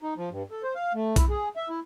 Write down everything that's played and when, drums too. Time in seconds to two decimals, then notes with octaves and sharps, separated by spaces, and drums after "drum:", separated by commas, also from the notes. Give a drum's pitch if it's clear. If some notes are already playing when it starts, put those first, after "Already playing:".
0.02 D#4
0.17 F3
0.31 G2
0.51 A4
0.63 C5
0.75 F5
0.94 A3
1.16 E4, drum: kick B1, hi-hat
1.29 G#4
1.56 E5
1.69 E4